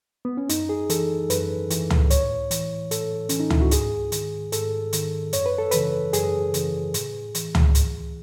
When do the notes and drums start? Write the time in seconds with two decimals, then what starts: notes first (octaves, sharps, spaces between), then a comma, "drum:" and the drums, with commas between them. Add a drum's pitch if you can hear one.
0.25 B3
0.37 C#4
0.49 F#2 D#4, drum: hi-hat
0.69 G#4
0.90 E3 A4, drum: hi-hat
1.30 F#2 B4, drum: hi-hat
1.70 E3, drum: hi-hat
1.90 drum: tom C#2
2.10 A2 C#5, drum: hi-hat
2.51 E3, drum: hi-hat
2.91 A2 A4, drum: hi-hat
3.29 E3 C#4, drum: hi-hat
3.40 D#4
3.50 E4, drum: tom C#2
3.61 F#4
3.71 G#2 G#4, drum: hi-hat
4.12 D#3, drum: hi-hat
4.52 G#2 A4, drum: hi-hat
4.93 D#3, drum: hi-hat
5.33 F#2 C#5, drum: hi-hat
5.46 B4
5.58 A4
5.71 C#3 E3 B4, drum: hi-hat
6.13 F#2 G#4, drum: hi-hat
6.54 C#3 E3, drum: hi-hat
6.94 A2, drum: hi-hat
7.35 E3, drum: hi-hat
7.55 drum: tom C#2
7.75 drum: hi-hat